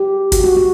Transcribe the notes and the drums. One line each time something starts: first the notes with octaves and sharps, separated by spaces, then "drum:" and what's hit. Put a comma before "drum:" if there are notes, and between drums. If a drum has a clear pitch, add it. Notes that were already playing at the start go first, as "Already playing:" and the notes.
Already playing: G4
F#4, drum: kick, hi-hat
F#4
F#4